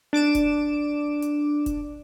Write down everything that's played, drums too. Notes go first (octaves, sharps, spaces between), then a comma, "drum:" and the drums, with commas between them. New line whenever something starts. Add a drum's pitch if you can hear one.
D4 D6 D7 E7
drum: kick F1, hi-hat
drum: hi-hat
drum: kick F1, hi-hat